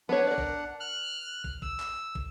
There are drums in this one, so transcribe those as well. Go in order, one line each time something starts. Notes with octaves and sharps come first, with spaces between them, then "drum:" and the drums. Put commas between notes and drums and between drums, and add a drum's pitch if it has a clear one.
B3 D4 C#5 F#5
A#4 D5
drum: kick
F6 F#6
drum: kick
E6, drum: kick
drum: clap
drum: kick